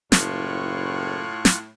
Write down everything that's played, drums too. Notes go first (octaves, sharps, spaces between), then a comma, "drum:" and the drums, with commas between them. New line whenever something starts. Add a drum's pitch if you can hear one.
F#1 A2 F4 C#6 F#6, drum: snare
drum: snare